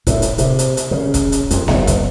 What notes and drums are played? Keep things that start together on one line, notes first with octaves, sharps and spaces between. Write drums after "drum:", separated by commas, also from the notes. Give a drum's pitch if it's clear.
A2, drum: kick F1, hi-hat
drum: hi-hat
C3, drum: hi-hat
drum: hi-hat
drum: hi-hat
C#3
drum: kick F1, hi-hat
drum: hi-hat
F2, drum: hi-hat
F#1, drum: snare B3
drum: kick F1, hi-hat